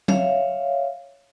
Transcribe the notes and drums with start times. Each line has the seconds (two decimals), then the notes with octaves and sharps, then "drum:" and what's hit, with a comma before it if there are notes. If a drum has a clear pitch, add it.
0.08 C#5 E5 F5, drum: tom F#3